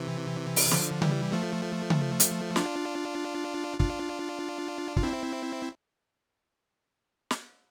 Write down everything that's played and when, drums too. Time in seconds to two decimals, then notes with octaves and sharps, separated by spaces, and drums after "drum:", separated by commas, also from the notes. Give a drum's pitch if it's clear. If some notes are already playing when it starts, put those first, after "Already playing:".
Already playing: C3 E3
0.56 drum: open hi-hat
0.71 D3 F3, drum: snare
1.02 E3 G3, drum: tom C#3
1.32 F3 A3
1.90 drum: tom C#3
2.20 drum: hi-hat
2.56 D4 F4, drum: snare
3.80 D4 F4, drum: kick
4.96 F4, drum: kick
5.03 C4 E4
7.31 drum: snare